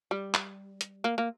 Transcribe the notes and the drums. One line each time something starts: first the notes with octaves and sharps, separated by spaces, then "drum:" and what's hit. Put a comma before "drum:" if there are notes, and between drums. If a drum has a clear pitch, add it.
G3
drum: clap
drum: hi-hat
A#3
A#3